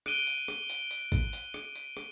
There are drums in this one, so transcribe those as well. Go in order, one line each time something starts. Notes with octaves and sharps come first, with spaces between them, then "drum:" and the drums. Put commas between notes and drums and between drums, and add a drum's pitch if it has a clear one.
F#6 D7 D#7 G7, drum: rim click
drum: hi-hat
drum: rim click
drum: hi-hat
drum: hi-hat
drum: kick, hi-hat
drum: hi-hat
drum: rim click
drum: hi-hat
drum: rim click